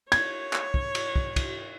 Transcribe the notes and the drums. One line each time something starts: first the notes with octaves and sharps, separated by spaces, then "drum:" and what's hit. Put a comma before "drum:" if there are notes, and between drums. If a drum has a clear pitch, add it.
C#5 G#6, drum: cymbal
drum: clap
drum: kick
drum: cymbal
drum: kick
drum: kick, cymbal